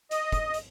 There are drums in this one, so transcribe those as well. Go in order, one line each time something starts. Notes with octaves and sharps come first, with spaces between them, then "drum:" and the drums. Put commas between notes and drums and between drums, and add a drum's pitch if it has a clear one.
D#5, drum: hi-hat
drum: kick, hi-hat
drum: hi-hat